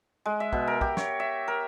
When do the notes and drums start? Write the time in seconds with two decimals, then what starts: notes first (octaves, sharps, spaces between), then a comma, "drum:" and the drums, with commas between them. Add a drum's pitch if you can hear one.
0.26 G#3
0.40 E5
0.53 B2, drum: kick
0.67 A#4
0.81 G4, drum: kick
0.97 C#5, drum: snare
1.20 E5
1.48 A#4